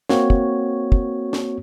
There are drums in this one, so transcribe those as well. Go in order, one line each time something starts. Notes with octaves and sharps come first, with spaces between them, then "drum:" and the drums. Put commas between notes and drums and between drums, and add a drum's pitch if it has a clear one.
A#3 C4 F#4 C#5, drum: snare
drum: kick
drum: kick
drum: snare